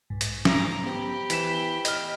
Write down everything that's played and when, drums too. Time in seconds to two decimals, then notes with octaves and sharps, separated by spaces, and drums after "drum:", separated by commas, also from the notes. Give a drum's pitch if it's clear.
0.10 B1 G#2
0.21 drum: hi-hat
0.45 A#5 D6, drum: snare
0.83 B3 G4 C5 B5
1.30 E3 B6 E7, drum: hi-hat
1.85 D#5 F6, drum: hi-hat